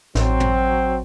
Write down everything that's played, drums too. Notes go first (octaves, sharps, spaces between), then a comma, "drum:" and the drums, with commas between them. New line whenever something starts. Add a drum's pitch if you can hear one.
A1 F#3 C4, drum: snare
drum: tom